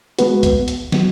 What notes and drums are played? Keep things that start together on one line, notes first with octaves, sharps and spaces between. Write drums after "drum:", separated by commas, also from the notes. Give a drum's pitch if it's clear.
G#3 B3 F#4 B4, drum: hi-hat
drum: kick, hi-hat
drum: hi-hat
F#3 B3 F#4, drum: snare